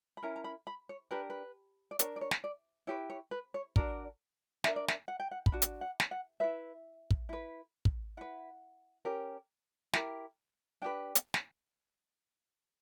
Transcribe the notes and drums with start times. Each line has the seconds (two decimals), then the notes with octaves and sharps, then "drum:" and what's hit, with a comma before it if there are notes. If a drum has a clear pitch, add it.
0.17 B5
0.23 C#4 E4 A#4 A#5
0.36 A#5
0.44 B5
0.67 B5
0.89 C#5
1.11 D4 G4 A#4 B4
1.30 B4
1.91 D5
1.99 D4 A#4 C#5, drum: hi-hat
2.16 D5
2.21 C#5
2.31 drum: snare
2.44 D5
2.87 E4 G4 B4 C#5
3.10 C#5
3.31 B4
3.54 C#5
3.76 D4 F#4 A#4 D5, drum: kick
4.64 D4 A#4 E5, drum: snare
4.76 D5
4.88 E5, drum: snare
5.08 F#5
5.20 G5
5.31 F#5
5.46 B5, drum: kick
5.52 D4 F#4
5.62 drum: hi-hat
5.81 F#5
6.00 drum: snare
6.11 F#5
6.40 E4 B4 E5
7.11 drum: kick
7.29 E4 B4
7.85 drum: kick
8.17 E4 B4 F#5
9.05 C#4 G4 A#4
9.93 E4 G4 A#4, drum: snare
10.82 D4 G4 B4 G5
11.15 drum: hi-hat
11.34 drum: snare